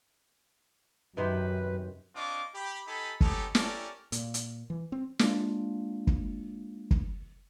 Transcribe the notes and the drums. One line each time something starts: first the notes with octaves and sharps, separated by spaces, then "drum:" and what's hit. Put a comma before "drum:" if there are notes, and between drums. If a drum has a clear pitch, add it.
F#2 C3 D#3 B4 C5
C4 D4 F4 D#5 C#6 D6
G4 B5
D#4 G4 A4 G#5 B5
B3 C#4 D#4 G4 A4, drum: kick
C#4 G4 A4 A#4 D5 A5, drum: snare
A#2, drum: hi-hat
drum: hi-hat
E3
C4
G#3 A#3 D4 F4, drum: snare
drum: kick
drum: kick